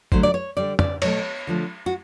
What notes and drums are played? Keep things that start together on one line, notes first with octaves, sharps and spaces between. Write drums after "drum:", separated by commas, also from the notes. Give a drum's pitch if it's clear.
D3 F#3 A3 C5, drum: kick A1
D5
C#5
D3 G3 D5
D5, drum: tom
B2 F#3 A3 C#5, drum: cymbal
D3 F3 A3
F#4